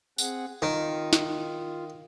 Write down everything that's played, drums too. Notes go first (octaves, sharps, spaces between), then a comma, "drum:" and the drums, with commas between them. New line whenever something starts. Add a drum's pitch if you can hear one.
C4 G#4 F#5, drum: tambourine
D#3 F4
drum: snare